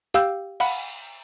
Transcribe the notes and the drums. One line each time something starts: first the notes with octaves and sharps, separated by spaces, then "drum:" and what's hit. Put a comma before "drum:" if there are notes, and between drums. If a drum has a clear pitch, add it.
G4 F5 G5 E6 G6, drum: hi-hat
F5 F#5 B5, drum: cymbal